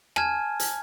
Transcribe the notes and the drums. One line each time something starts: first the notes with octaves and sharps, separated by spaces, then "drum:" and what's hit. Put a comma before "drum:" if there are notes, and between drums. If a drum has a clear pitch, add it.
G#5 A5 F6 G#6, drum: rim click
drum: hi-hat